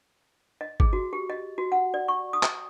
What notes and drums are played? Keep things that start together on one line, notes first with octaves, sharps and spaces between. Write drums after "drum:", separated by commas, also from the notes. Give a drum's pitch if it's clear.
D#5
G#4, drum: kick
F#4
G4
D#5
F#4
F#5
D5
C#6
D#6
drum: clap